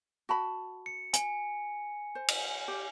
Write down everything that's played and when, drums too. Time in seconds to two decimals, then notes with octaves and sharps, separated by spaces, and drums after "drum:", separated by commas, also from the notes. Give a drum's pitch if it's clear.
0.29 F#4 A5 B5
0.86 C#7
1.13 G#5, drum: hi-hat
2.15 C5
2.28 drum: cymbal
2.68 G4